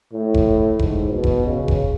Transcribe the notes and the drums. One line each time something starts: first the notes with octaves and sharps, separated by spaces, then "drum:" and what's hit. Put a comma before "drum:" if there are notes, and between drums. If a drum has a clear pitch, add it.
A2
drum: kick F1
G#2, drum: kick F1
B2
drum: kick F1
C#3
drum: kick F1